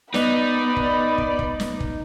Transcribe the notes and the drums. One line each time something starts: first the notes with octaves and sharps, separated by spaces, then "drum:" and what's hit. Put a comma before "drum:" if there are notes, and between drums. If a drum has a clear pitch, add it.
B3 D#4 D5 B5, drum: snare
drum: kick
drum: kick
drum: kick
drum: snare
drum: kick